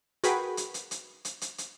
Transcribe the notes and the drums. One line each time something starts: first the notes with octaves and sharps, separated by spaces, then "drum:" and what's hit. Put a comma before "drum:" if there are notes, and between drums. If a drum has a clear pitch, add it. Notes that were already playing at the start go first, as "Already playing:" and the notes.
F#4 G#4 A#4 B4 G5 B5, drum: hi-hat
drum: hi-hat
drum: hi-hat
drum: hi-hat
drum: hi-hat
drum: hi-hat
drum: hi-hat